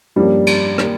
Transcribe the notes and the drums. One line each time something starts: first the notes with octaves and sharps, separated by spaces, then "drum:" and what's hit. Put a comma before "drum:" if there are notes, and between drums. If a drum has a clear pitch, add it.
G2 F3 G3 A#3 C#4
drum: cymbal
D#3 A#3 D#4 G4, drum: rim click